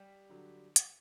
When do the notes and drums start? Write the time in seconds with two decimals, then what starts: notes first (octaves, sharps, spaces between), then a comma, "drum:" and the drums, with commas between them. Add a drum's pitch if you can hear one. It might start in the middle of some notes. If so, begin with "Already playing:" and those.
Already playing: G3 G4
0.29 D3 F#3
0.76 drum: hi-hat